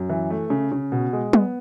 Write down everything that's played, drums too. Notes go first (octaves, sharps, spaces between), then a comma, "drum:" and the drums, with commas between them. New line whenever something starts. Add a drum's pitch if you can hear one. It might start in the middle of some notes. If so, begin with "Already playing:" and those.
Already playing: F#2
E3
A3
C#3
C#3
B2
G#3
B3, drum: tom